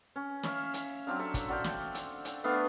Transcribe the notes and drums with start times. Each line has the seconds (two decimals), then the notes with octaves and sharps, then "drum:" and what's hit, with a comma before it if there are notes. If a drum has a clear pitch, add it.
0.16 C#4
0.43 C#5 E5 F5, drum: snare
0.74 drum: hi-hat
1.07 F#3 C4 D4 F5
1.19 A4 E5
1.34 drum: kick, hi-hat
1.48 F#4 D5 F5 G5
1.64 drum: snare
1.95 drum: hi-hat
2.25 drum: hi-hat
2.44 A3 B3 D4 F5